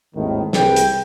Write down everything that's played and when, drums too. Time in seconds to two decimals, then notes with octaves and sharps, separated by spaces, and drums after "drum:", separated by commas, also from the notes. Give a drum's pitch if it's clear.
0.15 G#1 D#2 A2 D#3
0.53 C2 C4 G#4 B4 G5, drum: snare
0.76 drum: hi-hat